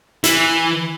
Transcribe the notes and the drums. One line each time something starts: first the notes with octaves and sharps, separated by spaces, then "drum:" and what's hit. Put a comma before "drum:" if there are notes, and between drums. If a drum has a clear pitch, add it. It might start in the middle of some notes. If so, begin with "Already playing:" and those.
E3, drum: hi-hat